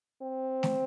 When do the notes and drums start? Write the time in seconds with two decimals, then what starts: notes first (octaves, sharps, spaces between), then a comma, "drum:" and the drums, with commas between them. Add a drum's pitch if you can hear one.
0.22 C4
0.63 drum: snare